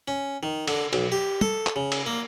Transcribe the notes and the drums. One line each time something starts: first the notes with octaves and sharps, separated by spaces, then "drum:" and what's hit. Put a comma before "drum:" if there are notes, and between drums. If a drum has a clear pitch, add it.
C#4
D#3
D3, drum: cymbal
B1, drum: cymbal
G4
A4, drum: tom
drum: clap
C#3
drum: cymbal
A#3